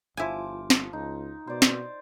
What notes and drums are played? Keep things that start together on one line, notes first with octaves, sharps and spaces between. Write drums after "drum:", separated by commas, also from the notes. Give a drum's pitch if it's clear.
G1 F3 E4 G#5 D6
drum: snare
C#2 D#4
B2 C5 D5
drum: snare